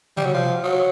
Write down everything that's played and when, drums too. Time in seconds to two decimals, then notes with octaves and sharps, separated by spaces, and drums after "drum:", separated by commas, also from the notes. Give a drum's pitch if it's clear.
0.17 G3, drum: tom
0.26 F#3
0.34 F3
0.63 F#3